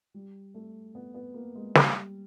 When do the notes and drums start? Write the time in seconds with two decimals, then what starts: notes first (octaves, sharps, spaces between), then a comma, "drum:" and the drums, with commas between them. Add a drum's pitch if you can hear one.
0.14 G3
0.54 A3
0.95 B3
1.14 B3
1.34 A#3
1.55 G#3
1.75 G3, drum: snare